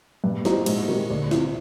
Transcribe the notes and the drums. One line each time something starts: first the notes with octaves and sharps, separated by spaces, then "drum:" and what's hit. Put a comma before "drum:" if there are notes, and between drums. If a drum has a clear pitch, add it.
G2
E3 G3 C4 D#4, drum: snare
G#2, drum: cymbal
D#3 G3 C4
D2
C3 E3, drum: snare